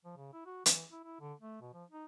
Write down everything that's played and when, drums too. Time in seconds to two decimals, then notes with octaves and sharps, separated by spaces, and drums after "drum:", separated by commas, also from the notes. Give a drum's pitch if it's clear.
0.05 F3
0.17 C#3
0.33 E4
0.46 F#4
0.66 E3, drum: hi-hat
0.92 E4
1.04 E4
1.20 D3
1.41 A3
1.61 B2
1.74 F3
1.91 D#4